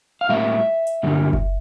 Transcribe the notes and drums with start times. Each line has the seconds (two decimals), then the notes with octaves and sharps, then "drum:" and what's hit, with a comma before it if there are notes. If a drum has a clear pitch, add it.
0.21 F5
0.29 A2 G3 A#3 E5
0.87 drum: hi-hat
1.03 G2 D3 G3 A#3
1.33 drum: kick F#1